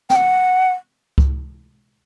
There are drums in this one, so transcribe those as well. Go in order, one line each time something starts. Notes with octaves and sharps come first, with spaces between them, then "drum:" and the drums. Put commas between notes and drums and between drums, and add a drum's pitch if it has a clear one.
G5, drum: snare
F#5
drum: kick C#2